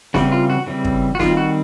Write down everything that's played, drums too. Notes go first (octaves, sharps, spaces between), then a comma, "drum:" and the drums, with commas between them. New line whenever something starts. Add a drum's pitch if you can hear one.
C#3 E3 G3 C4 F#4, drum: snare
F4
F#4
C#3 E3 G3 C4
drum: kick
F#4
D#3 G3 C4 F4, drum: snare
F#4